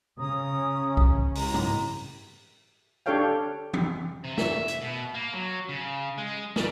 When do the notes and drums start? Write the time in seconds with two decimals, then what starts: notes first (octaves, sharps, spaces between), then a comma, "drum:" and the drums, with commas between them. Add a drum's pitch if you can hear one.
0.19 C#3 C#4 A#5 D#6
0.97 drum: kick C2
1.35 A2 G#3 A#5, drum: open hi-hat
1.54 drum: tom G2
3.06 D4 G4 A4 C#5 F5 G5
3.73 drum: tom E3
4.25 C3
4.38 E5, drum: snare
4.68 drum: hi-hat
4.82 B2
5.14 A#3
5.33 F#3
5.69 C#3
6.18 G#3
6.56 G3, drum: snare